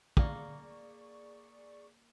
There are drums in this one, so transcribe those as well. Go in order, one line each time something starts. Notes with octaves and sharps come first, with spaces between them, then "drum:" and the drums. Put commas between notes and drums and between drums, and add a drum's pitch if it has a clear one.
A#3 G#4 D5 C#6, drum: kick